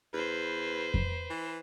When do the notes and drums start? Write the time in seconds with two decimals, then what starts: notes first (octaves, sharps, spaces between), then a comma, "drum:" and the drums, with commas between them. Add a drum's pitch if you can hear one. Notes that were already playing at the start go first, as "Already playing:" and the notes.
0.13 E2 B4 C5
0.94 drum: kick F2
1.30 E3